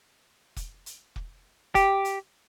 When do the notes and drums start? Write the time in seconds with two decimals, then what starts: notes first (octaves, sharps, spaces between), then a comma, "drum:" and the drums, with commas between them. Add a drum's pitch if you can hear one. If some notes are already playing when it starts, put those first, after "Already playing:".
0.56 drum: kick, hi-hat
0.86 drum: hi-hat
1.16 drum: kick
1.75 G4, drum: kick, hi-hat
2.05 drum: hi-hat